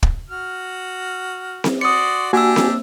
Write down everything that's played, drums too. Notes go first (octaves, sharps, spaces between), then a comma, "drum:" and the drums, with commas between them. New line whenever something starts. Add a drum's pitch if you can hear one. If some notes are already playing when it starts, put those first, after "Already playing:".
drum: kick
F#4 F6
drum: snare C4
F#4 D5 C6 D#6 C#7
A#3 D4 F#4 G4 G#5 E6
drum: snare C4